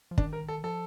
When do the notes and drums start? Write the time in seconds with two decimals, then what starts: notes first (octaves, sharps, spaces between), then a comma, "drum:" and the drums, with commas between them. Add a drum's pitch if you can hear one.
0.11 F3
0.18 D#3 D4, drum: kick
0.33 A#4
0.49 A4
0.64 F3 A4